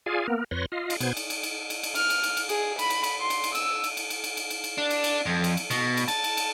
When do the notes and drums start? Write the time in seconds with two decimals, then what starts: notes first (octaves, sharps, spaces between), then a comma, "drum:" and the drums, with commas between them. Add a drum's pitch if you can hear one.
0.06 F4 G#4 D5 F5 G#5
0.28 A#3 B3 A#4
0.51 F2 B4 C#5 C6 A#6
0.72 F4 D#5 F5
0.90 drum: cymbal
1.00 B2 B3 C5 G#6, drum: cymbal
1.17 drum: cymbal
1.30 drum: cymbal
1.43 drum: cymbal
1.70 drum: cymbal
1.83 drum: cymbal
1.95 F6, drum: cymbal
2.10 drum: cymbal
2.23 drum: cymbal
2.37 drum: cymbal
2.49 G#4, drum: cymbal
2.79 B5, drum: cymbal
2.90 drum: cymbal
3.04 drum: cymbal
3.20 C6
3.30 drum: cymbal
3.44 drum: cymbal
3.55 E6, drum: cymbal
3.84 drum: cymbal
3.97 drum: cymbal
4.10 drum: cymbal
4.24 drum: cymbal
4.37 drum: cymbal
4.50 drum: cymbal
4.64 drum: cymbal
4.78 D4
4.90 drum: cymbal
5.04 drum: cymbal
5.26 F2
5.44 drum: cymbal
5.57 drum: cymbal
5.71 B2, drum: cymbal
5.97 drum: cymbal
6.08 A5, drum: cymbal
6.24 drum: cymbal
6.37 drum: cymbal